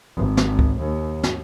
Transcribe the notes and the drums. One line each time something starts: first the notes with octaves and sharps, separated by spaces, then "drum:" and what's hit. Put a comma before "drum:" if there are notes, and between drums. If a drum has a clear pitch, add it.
G#1
drum: snare
drum: kick C#2
D#2
drum: snare